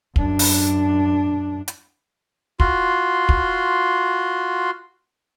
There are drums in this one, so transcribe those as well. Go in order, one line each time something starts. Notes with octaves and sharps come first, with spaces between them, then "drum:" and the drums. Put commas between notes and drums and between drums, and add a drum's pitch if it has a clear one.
F#2 D4, drum: kick
drum: open hi-hat
drum: hi-hat
F4 F#4 C6, drum: kick
drum: kick